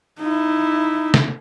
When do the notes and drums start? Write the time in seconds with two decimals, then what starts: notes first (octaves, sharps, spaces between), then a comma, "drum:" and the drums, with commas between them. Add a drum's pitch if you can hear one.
0.19 D#4 E4
1.14 drum: snare